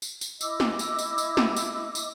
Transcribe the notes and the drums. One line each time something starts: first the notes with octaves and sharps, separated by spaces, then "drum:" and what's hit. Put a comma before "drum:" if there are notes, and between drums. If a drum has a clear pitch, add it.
drum: tambourine
drum: tambourine
E4 D#5 D6 E6, drum: tambourine
drum: snare
drum: tambourine
drum: tambourine
drum: tambourine
drum: snare
drum: tambourine
drum: tambourine